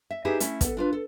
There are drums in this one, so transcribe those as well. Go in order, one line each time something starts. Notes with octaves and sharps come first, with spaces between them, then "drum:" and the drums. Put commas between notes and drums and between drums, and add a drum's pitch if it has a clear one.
E5
D#4 E4 G4 G#4 B4 E5
A3 C#4 E4, drum: hi-hat
B3 A4, drum: kick, hi-hat
D4 F4 B4
A4